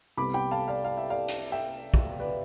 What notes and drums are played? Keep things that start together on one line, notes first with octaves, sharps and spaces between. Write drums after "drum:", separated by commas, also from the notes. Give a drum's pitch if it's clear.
C2 C3 G3 B3 B5 D6
G5 B5
F5 A5
D5 F5
F5
E5
D5 F5
drum: hi-hat
E5 G5
drum: kick
B4 D5